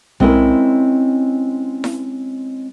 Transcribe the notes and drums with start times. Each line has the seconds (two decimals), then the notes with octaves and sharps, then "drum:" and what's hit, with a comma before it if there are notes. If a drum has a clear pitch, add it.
0.20 G#3 C4 C#4 E4 A#4, drum: tom B1
1.84 drum: snare E4